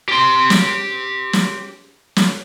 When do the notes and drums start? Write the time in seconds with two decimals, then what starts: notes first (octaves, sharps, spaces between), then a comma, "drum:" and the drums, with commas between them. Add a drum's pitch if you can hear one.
0.08 G4 C6
0.50 drum: snare
1.33 drum: snare
2.16 drum: snare